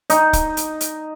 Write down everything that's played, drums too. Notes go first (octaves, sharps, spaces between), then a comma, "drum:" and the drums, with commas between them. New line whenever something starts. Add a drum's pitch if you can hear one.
D#4, drum: hi-hat
drum: kick, hi-hat
drum: hi-hat
drum: hi-hat